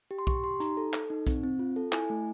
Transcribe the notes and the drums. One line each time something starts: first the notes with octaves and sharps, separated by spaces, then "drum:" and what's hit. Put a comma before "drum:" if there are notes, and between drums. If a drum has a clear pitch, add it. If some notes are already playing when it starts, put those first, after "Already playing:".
G4
C6
G4 C#6, drum: kick B1
G4 C6
D#4 A#5, drum: hi-hat
A4
A4, drum: clap
D#4
C4, drum: kick B1, hi-hat
C4
F4
A4
E4 G#5, drum: clap
A3